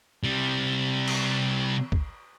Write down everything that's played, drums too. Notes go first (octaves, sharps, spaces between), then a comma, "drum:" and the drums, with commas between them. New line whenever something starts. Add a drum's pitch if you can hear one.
C3 G3
drum: cymbal
drum: kick